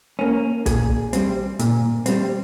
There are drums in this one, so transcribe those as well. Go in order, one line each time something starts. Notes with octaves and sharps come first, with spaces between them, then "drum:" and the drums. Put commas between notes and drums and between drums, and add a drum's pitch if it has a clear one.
A#3 C#4
A#2 G#4, drum: kick, hi-hat
G3 C4, drum: hi-hat
A#2, drum: hi-hat
G3 C4, drum: hi-hat